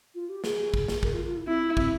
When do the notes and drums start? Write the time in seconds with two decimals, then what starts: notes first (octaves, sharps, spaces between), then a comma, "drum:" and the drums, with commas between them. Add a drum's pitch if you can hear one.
0.15 F4
0.29 G4
0.44 G#4, drum: snare
0.74 drum: kick
0.88 drum: snare
1.03 A#4, drum: kick
1.14 F4
1.25 F4
1.37 E4
1.47 C4 E4
1.77 C4, drum: kick